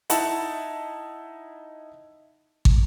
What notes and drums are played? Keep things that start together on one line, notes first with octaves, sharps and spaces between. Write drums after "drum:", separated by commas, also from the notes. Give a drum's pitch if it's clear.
D#4 E4 F#5 A5, drum: hi-hat
drum: kick